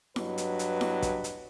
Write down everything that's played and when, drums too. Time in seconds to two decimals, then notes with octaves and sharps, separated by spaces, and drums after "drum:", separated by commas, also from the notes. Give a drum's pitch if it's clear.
0.16 G2 F#3 B4 D#5, drum: snare E4
0.38 drum: hi-hat
0.59 drum: hi-hat
0.81 drum: snare E4
1.02 drum: kick, hi-hat
1.24 drum: hi-hat